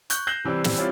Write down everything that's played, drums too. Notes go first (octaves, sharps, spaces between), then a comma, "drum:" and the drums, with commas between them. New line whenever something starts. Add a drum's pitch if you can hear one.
C#6 F#6 G6, drum: hi-hat
G6 A#6 C7 E7 F#7 G7
C3 E3 G3 C4
drum: snare
G3 C4 C#4 E4 F4 D5